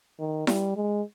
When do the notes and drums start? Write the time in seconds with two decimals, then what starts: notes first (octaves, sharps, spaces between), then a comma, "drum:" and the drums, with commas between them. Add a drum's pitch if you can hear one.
0.19 D#3
0.47 G3, drum: snare E4
0.76 G#3